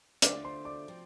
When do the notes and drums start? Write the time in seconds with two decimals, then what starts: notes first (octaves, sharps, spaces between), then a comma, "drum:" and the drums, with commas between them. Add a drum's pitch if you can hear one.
0.22 D3 A3 F4 D5 D6, drum: hi-hat
0.45 C5 C6
0.65 D5 D6
0.88 F3 C4